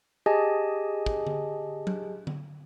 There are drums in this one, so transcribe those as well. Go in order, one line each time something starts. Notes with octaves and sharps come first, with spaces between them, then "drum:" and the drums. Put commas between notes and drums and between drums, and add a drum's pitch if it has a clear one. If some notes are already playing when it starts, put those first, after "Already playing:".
G4 G#4 D#5 G#5 A5
drum: kick
drum: tom D3
drum: tom F#3
drum: tom D3